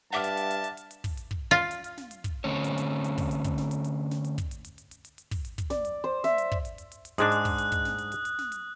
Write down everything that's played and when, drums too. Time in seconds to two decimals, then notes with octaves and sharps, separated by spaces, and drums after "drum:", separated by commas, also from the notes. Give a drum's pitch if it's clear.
0.13 G2 E5 F#5 A5 D6 F6
0.24 drum: hi-hat
0.37 drum: hi-hat
0.51 drum: hi-hat
0.64 drum: hi-hat
0.77 drum: hi-hat
0.91 drum: hi-hat
1.04 drum: kick, open hi-hat
1.17 drum: hi-hat
1.31 drum: kick
1.51 F4
1.71 drum: hi-hat
1.84 drum: hi-hat
1.97 drum: snare
2.11 drum: hi-hat
2.24 drum: kick, hi-hat
2.44 D3 A3 C4 C#4 C#5
2.64 drum: hi-hat
2.78 drum: hi-hat
3.04 drum: hi-hat
3.18 drum: kick, open hi-hat
3.31 drum: hi-hat
3.44 drum: kick, hi-hat
3.58 drum: snare
3.71 drum: hi-hat
3.84 drum: hi-hat
4.11 drum: snare
4.25 drum: hi-hat
4.38 drum: kick, hi-hat
4.51 drum: hi-hat
4.65 drum: hi-hat
4.78 drum: hi-hat
4.91 drum: hi-hat
5.05 drum: hi-hat
5.18 drum: hi-hat
5.31 drum: kick, open hi-hat
5.45 drum: hi-hat
5.58 drum: kick, hi-hat
5.70 D5, drum: snare
5.85 drum: hi-hat
6.04 C5
6.24 E5, drum: snare
6.38 drum: hi-hat
6.52 drum: kick
6.65 drum: hi-hat
6.78 drum: hi-hat
6.92 drum: hi-hat
7.05 drum: hi-hat
7.18 G#2 G#3 D4 D#6 F#6, drum: hi-hat
7.32 drum: hi-hat
7.45 drum: kick, open hi-hat
7.58 drum: hi-hat
7.72 drum: kick, hi-hat
7.85 drum: snare
7.98 drum: hi-hat
8.12 drum: hi-hat
8.25 drum: hi-hat
8.38 drum: snare
8.52 drum: hi-hat